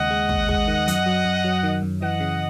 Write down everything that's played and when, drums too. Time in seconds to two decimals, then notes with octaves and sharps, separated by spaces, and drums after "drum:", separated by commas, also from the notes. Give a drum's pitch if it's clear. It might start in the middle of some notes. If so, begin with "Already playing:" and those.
Already playing: D#2 C#3 G#3 D#5 F#5
0.11 G#3
0.29 D#2, drum: kick
0.49 G#3, drum: kick
0.68 D#3
0.88 F#2, drum: hi-hat
1.06 F#3
1.25 F#2
1.45 F#3
1.63 D#3
1.82 F#2
2.02 E3 D#5 F#5
2.20 C#3